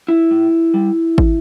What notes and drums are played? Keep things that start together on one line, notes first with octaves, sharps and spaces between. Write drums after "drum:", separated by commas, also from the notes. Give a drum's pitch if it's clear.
E4
A2
G3
drum: kick